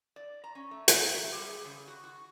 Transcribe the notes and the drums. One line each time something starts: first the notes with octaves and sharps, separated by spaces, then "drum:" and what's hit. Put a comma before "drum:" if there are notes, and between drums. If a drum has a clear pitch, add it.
D5
A#5
C#4
A3
G#2, drum: hi-hat
E5
G3
G#4
C#3
F#4
F#4